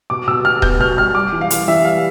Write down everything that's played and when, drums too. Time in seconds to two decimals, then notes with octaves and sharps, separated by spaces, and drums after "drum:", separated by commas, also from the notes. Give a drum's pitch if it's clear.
0.10 B2 D6
0.27 B2 E6
0.45 B2 F6
0.62 B3 G6, drum: kick D#1
0.79 B2 F6
0.97 G3 F6
1.15 G3 D6
1.33 E3
1.41 F5
1.50 E3, drum: hi-hat
1.68 E3 E5
1.85 G3 F5